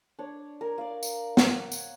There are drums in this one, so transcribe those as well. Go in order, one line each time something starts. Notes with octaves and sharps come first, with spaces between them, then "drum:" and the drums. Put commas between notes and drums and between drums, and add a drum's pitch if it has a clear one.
D4 C#5
A#4
D5 F5
drum: tambourine
C#5 F#5, drum: snare
drum: tambourine